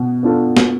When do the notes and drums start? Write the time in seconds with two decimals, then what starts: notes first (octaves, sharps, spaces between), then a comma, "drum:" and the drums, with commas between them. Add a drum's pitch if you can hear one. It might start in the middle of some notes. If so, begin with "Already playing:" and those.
Already playing: B2 B3
0.23 B3 D4 F4 A4
0.57 drum: snare